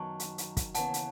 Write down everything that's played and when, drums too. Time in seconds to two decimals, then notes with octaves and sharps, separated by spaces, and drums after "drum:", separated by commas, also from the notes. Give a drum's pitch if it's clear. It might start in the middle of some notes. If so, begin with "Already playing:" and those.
Already playing: F#2 D#3 F#3 B3 A5 C#6
0.20 drum: hi-hat
0.38 drum: hi-hat
0.57 drum: kick, hi-hat
0.75 D#2 C#3 E3 B3 F#5 A5, drum: hi-hat
0.94 drum: hi-hat